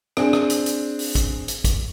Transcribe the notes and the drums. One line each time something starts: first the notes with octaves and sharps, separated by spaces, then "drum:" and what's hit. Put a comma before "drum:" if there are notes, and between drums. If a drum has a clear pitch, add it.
C4 D4 G#4, drum: rim click
drum: rim click
drum: hi-hat
drum: hi-hat
drum: open hi-hat
drum: kick, hi-hat
drum: hi-hat
drum: kick, hi-hat